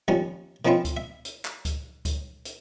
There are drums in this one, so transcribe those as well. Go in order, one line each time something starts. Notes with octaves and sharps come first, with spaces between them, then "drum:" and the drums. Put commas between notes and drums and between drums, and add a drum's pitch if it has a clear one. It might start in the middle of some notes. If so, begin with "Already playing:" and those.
D#2 F3 G3 C#4
D#3 F3 C4 C#4 E4 F4
drum: kick C#2, hi-hat
E5
drum: hi-hat
drum: clap
drum: kick C#2, hi-hat
drum: kick C#2, hi-hat
drum: hi-hat